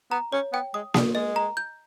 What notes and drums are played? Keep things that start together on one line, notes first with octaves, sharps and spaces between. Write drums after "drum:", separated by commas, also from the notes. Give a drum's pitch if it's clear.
B3 A#5
C#4 C#5
B3 G5
G#3 D#6
G3 D#6, drum: snare A#3
G#3 D#5
A#5
G6